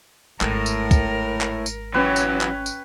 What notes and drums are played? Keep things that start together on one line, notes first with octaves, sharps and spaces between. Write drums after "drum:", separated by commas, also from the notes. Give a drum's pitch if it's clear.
G#1 A2 A#4, drum: clap
drum: tambourine
drum: kick, tambourine
drum: clap
drum: tambourine
E3 F#3 C#4 B4 C#5 G5
drum: tambourine
drum: clap
drum: tambourine